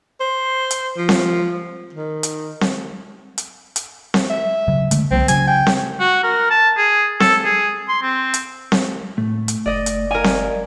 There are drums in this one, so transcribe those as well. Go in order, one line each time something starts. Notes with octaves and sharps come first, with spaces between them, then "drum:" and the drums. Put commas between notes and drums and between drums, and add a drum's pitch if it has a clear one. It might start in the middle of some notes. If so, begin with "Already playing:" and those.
C5
drum: hi-hat
F3
drum: snare C4
D#3
drum: hi-hat
drum: snare C4
drum: hi-hat
drum: hi-hat
drum: snare C4
E5
C#3 F#3
D3 G#3 A3, drum: hi-hat
C2 F#3 A#3 C4
C#3 F#3 G#5, drum: hi-hat
G5
drum: snare C4
F#4
A#4
A5
G#4
A4, drum: snare C4
G#4
C6
C4
drum: hi-hat
drum: snare C4
A2 A3
drum: hi-hat
F#1 D5 D#5
drum: hi-hat
A#4 D5 D#5 F5 G#5
drum: snare C4